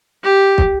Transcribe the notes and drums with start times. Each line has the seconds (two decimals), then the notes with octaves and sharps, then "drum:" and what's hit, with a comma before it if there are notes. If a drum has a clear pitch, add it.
0.23 G4
0.58 drum: kick